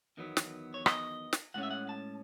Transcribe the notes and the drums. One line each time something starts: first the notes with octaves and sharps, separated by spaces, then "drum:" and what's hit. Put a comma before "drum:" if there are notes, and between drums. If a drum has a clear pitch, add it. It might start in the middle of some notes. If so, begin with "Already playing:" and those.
E2 D#3 F#3 B3
drum: snare
C#5
D#5, drum: rim click
drum: snare
A2 G#3 C#4 F#5
E5
F#5
A5